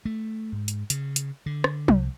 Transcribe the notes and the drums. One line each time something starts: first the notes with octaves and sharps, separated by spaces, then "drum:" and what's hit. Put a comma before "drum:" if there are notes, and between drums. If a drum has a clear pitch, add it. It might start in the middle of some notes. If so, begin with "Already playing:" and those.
A3
G#2
drum: hi-hat
C#3, drum: hi-hat
drum: hi-hat
D3
drum: rim click
C2, drum: tom